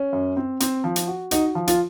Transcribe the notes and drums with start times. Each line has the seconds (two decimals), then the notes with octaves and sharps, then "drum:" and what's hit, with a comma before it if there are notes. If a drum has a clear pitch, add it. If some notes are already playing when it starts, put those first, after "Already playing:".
Already playing: C#4
0.13 F#2
0.37 C4
0.60 C4, drum: hi-hat
0.84 F3
0.96 drum: hi-hat
1.07 F#4
1.31 D#4 F#4, drum: hi-hat
1.55 F3
1.67 F4, drum: hi-hat